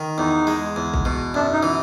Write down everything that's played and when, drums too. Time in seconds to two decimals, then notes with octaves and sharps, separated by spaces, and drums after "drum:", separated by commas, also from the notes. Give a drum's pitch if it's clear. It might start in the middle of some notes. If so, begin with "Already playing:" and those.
Already playing: D#3
0.17 E2 D#4
0.47 G#3
0.76 E2
0.93 drum: kick
1.05 B2
1.34 F#2 D4
1.53 D#4
1.63 E3